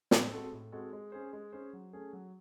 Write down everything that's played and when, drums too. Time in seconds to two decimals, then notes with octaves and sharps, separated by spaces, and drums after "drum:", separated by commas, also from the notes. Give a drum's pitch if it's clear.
0.11 A2, drum: snare
0.32 G#3 C4 F#4 A4
0.53 A2
0.72 G#3 C4 F#4 A4
0.93 G#3
1.12 C#4 G#4 C5
1.33 G#3
1.53 C#4 G#4 C5
1.73 F#3
1.93 A3 C#4 G#4
2.13 F#3